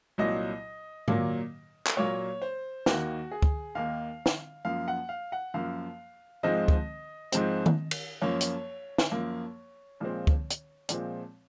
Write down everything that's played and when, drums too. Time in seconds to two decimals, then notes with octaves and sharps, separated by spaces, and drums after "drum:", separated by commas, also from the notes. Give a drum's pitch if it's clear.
0.18 C2 A#2 F#3 D#5
1.08 A#2 F#3 A#3, drum: tom G#2
1.87 drum: clap
1.97 A#2 F#3 A#3 C#5
2.42 C5
2.86 D#2 D#3 A#3 F#4, drum: snare
3.31 G#4
3.42 drum: kick
3.75 D#2 D#3 A#3 F5
4.26 drum: snare
4.65 F#2 F3 A#3 F5
4.88 F#5
5.09 F5
5.32 F#5
5.54 F#2 F3 A#3 F5
6.43 G#2 F3 G#3 C4 D#5
6.68 drum: kick
7.32 G#2 F3 G#3 C4, drum: hi-hat
7.66 drum: tom D#3
7.91 drum: cymbal
8.22 F#2 F3 A#3 C#5
8.41 drum: hi-hat
8.98 drum: snare
9.11 F#2 F3 A#3
10.00 A#2 F3 G#3 C4
10.27 drum: kick
10.50 drum: hi-hat
10.89 A#2 F3 G#3 C4, drum: hi-hat